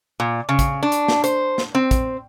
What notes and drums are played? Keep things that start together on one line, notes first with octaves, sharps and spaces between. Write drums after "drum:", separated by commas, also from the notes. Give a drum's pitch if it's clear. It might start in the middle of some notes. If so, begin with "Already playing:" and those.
A#2
C#3
drum: kick, hi-hat
D4
drum: hi-hat
drum: snare
C5, drum: hi-hat
drum: snare
C4
drum: kick, hi-hat